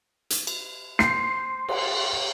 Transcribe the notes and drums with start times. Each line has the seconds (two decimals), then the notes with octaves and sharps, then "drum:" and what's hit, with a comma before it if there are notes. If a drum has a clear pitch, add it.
0.30 drum: hi-hat
0.47 drum: cymbal
0.99 C5 C7, drum: snare
1.69 drum: cymbal